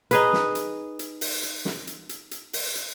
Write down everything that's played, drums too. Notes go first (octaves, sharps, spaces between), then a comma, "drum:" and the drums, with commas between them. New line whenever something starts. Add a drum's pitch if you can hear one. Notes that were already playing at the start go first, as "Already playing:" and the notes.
D#4 G#4 B4, drum: hi-hat
drum: snare
drum: hi-hat
drum: hi-hat
drum: open hi-hat
drum: hi-hat
drum: snare
drum: hi-hat
drum: hi-hat
drum: hi-hat
drum: open hi-hat
drum: hi-hat